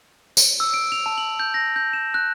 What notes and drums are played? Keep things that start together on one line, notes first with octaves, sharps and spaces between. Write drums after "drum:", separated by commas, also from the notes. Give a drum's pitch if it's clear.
drum: tambourine
E6
D7
F7
A5
F#7
G6
A#6
G6
E7
F#6